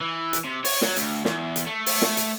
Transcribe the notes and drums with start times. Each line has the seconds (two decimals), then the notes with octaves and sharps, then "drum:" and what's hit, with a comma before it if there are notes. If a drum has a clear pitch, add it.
0.01 E3
0.33 drum: hi-hat
0.45 C3
0.65 C#5, drum: open hi-hat
0.82 F#3, drum: snare
0.97 D2, drum: hi-hat
1.25 E2, drum: snare
1.56 drum: hi-hat
1.67 A3
1.86 drum: open hi-hat
2.02 drum: snare
2.17 drum: hi-hat